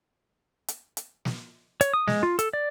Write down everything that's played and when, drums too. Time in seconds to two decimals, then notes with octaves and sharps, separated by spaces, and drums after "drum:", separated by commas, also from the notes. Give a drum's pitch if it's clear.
0.68 drum: hi-hat
0.97 drum: hi-hat
1.25 drum: snare
1.81 C#5, drum: hi-hat
1.94 D#6
2.08 G#3, drum: snare
2.23 F4
2.39 A4, drum: hi-hat
2.53 D5